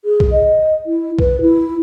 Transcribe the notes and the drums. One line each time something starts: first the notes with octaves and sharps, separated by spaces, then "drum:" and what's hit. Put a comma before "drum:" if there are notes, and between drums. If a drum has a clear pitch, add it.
G#4
drum: kick B1
D#5
E4
B4, drum: kick B1
E4